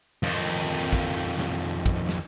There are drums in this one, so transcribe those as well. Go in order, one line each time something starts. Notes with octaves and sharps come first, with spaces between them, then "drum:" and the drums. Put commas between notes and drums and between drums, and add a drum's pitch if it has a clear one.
F2 D#3, drum: snare
drum: kick
drum: snare
drum: kick
drum: snare